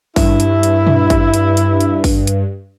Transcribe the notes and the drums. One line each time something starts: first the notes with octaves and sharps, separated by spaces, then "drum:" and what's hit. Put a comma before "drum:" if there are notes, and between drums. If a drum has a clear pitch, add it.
G2 E4, drum: kick G#1, open hi-hat
drum: hi-hat
drum: hi-hat
drum: tom
drum: kick G#1, hi-hat
drum: hi-hat
drum: hi-hat
drum: hi-hat
drum: kick G#1, open hi-hat
drum: hi-hat